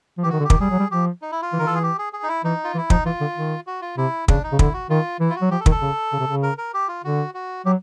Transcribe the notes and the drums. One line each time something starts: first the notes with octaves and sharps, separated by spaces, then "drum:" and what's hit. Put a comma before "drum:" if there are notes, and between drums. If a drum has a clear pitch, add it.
F3
E3 G4
D#3 F#4
D3
G4
D#3, drum: kick
G3 G#4
F#3
G3
F3 G4
D#4
E4
F4
E3
D#3 A#4
E3 A4
G#4
G4
G#4
G#4
D#4
E4
E3 D#4
F4
E3
E4
F3 D#4, drum: kick
E3 F4
D3
D#3
F#4
F4
C3 E4
C#3 D4, drum: kick
D#4
C#3
D3 E4, drum: kick
F#4
D#3 F4
E3 E4
F4
F#4
F#3
F3 G4
A4
D#3, drum: kick
A4
C#3
C#3
C3
C#3
A#4
A#4
G4
F4
D3 F#4
F#4
F#3 G4